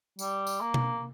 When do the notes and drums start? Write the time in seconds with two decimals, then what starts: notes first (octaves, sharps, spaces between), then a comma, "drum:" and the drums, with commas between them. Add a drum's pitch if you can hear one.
0.19 G3, drum: tambourine
0.47 drum: tambourine
0.61 A#3
0.74 drum: tom B2